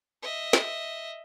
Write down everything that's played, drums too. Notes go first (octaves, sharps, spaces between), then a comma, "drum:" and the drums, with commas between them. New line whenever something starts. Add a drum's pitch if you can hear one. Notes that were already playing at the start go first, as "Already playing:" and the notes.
D#5 E5
drum: snare